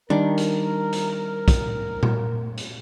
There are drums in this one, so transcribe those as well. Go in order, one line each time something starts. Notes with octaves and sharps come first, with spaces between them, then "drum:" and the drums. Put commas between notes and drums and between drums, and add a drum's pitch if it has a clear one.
D#3 G3 D4 A#4
drum: hi-hat
drum: hi-hat
drum: kick, hi-hat
drum: tom A#2
drum: hi-hat